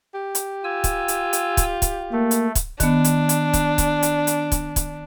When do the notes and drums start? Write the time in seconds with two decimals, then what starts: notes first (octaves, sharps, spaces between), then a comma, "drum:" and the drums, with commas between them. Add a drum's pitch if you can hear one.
0.14 G4
0.35 drum: hi-hat
0.64 F4 G#5 E6
0.84 drum: kick C#1, hi-hat
1.08 drum: hi-hat
1.33 drum: hi-hat
1.57 drum: kick C#1, hi-hat
1.82 drum: kick C#1, hi-hat
2.13 A3 A#3
2.31 drum: hi-hat
2.55 drum: kick C#1, hi-hat
2.80 D#3 B3 D4, drum: kick C#1, hi-hat
3.04 drum: hi-hat
3.29 drum: hi-hat
3.53 drum: kick C#1, hi-hat
3.78 drum: kick C#1, hi-hat
4.03 drum: hi-hat
4.27 drum: hi-hat
4.52 drum: kick C#1, hi-hat
4.76 drum: kick C#1, hi-hat